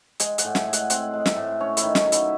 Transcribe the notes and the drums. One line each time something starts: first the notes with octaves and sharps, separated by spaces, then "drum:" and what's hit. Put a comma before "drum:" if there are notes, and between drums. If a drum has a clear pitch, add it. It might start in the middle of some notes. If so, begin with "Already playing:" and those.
G#3 G#5, drum: hi-hat
F#5, drum: hi-hat
A2
G#5, drum: snare
G#3
F#5, drum: hi-hat
C4 F#5, drum: hi-hat
G#3
E5, drum: snare
A2
C#4 C#5
E4, drum: hi-hat
D#3
C#4, drum: snare
F#3
E4, drum: hi-hat